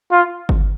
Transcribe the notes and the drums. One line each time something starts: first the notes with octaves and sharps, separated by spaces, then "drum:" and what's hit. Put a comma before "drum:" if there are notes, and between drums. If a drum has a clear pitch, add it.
F4
drum: kick G1